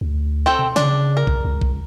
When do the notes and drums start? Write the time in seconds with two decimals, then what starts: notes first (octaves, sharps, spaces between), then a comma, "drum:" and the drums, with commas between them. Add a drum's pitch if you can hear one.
0.01 D2
0.46 C4 A4 G5
0.59 drum: tom B2
0.76 C#3 D4, drum: snare
1.17 A#4
1.27 drum: kick
1.45 C#2
1.61 drum: kick